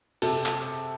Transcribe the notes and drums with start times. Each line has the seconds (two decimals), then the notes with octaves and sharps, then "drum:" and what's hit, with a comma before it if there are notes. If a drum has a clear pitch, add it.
0.22 C3 A4, drum: open hi-hat
0.46 drum: clap